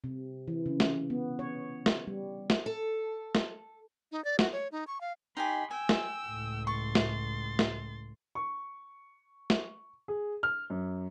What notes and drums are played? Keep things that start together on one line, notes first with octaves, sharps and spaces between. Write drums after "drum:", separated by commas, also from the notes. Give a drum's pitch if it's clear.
C3
E3
C#3
drum: snare
B3
C#5
drum: snare
G3
drum: snare
A4
drum: snare
D#4
D5
F#4, drum: snare
C#5
D#4
C#6
F5
D#4 G4 G#5 B5 C6
G5 G#5 E6
drum: snare
C#2 A2
C6 C#6 A6
drum: snare
drum: snare
C#6
drum: snare
G#4
F6
F#2